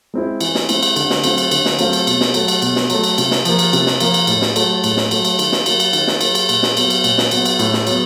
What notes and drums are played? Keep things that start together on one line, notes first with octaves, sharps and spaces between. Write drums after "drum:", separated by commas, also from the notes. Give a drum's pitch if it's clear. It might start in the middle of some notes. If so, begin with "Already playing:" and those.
G#3 C4 E4
E3, drum: cymbal
drum: snare
G#3 C4 E4, drum: cymbal
drum: cymbal
D3, drum: cymbal
drum: snare
F#3 A3 C4 F4, drum: cymbal
drum: cymbal
D3, drum: cymbal
drum: snare
F#3 A3 C4 F4, drum: cymbal
drum: cymbal
B2, drum: cymbal
drum: snare
F#3 A3, drum: cymbal
drum: cymbal
B2, drum: cymbal
drum: snare
F#3 A3, drum: cymbal
drum: cymbal
C3, drum: cymbal
drum: snare
F3 A#3, drum: cymbal
drum: cymbal
C3, drum: cymbal
drum: snare
F3 A#3, drum: cymbal
drum: cymbal
A2, drum: cymbal
drum: snare
F#3 A3, drum: cymbal
A2, drum: cymbal
drum: snare
F#3 A3, drum: cymbal
drum: cymbal
D#3, drum: cymbal
drum: snare
F#3 A#3, drum: cymbal
drum: cymbal
D#3, drum: cymbal
drum: snare
F#3 A#3, drum: cymbal
drum: cymbal
A#2, drum: cymbal
drum: snare
F#3 B3, drum: cymbal
drum: cymbal
A#2, drum: cymbal
drum: snare
F#3 B3, drum: cymbal
drum: cymbal
A2, drum: cymbal
drum: snare
F#3 B3, drum: cymbal